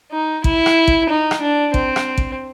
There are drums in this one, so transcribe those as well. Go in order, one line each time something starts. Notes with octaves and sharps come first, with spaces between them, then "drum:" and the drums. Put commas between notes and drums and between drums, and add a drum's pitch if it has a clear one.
D#4
E4, drum: kick
drum: rim click
drum: kick
D#4
drum: rim click
D4
C4, drum: kick
drum: rim click
drum: kick